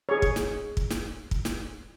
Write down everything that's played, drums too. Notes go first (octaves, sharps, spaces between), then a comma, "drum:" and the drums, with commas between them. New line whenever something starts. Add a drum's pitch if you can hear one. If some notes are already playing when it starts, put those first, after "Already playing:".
G#4 C#5
drum: kick
drum: snare
drum: kick
drum: snare
drum: kick
drum: snare